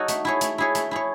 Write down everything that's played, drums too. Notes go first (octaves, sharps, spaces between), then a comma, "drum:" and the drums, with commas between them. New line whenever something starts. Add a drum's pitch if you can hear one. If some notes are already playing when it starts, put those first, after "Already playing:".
Already playing: D#4 F#4 A4 C#5
A3, drum: hi-hat
E4 G#4 C#5
A3, drum: hi-hat
E4 G#4 C#5
A3, drum: hi-hat
E4 G#4 C#5